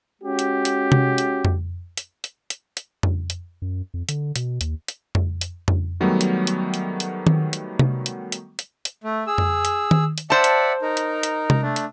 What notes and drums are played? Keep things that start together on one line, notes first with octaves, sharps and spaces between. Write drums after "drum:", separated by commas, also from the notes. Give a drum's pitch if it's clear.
G#3 C#4 F#4 G4
drum: hi-hat
drum: hi-hat
drum: tom C3
drum: hi-hat
drum: tom F2
drum: hi-hat
drum: hi-hat
drum: hi-hat
drum: hi-hat
drum: tom F2
drum: hi-hat
F#2
F2
D3, drum: hi-hat
B2, drum: hi-hat
D#2, drum: hi-hat
drum: hi-hat
drum: tom F2
drum: hi-hat
drum: tom F2
D#3 F#3 G3 A3 B3
drum: hi-hat
drum: hi-hat
drum: hi-hat
drum: hi-hat
drum: tom D#3
drum: hi-hat
drum: tom C3
drum: hi-hat
drum: hi-hat
drum: hi-hat
drum: hi-hat
A3
G#4 E6
drum: tom F2
drum: hi-hat
drum: tom D#3
drum: hi-hat
C5 D5 E5 F#5 A5
drum: hi-hat
D#4 A#4
drum: hi-hat
drum: hi-hat
drum: tom C3
A3 D4
drum: hi-hat